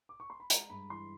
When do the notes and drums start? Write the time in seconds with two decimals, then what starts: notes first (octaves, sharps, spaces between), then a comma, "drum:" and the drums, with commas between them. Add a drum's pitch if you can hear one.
0.09 D6
0.20 C#6
0.30 C6
0.40 B5
0.50 G#3 A#5, drum: hi-hat
0.70 G2 B5
0.90 E3 C6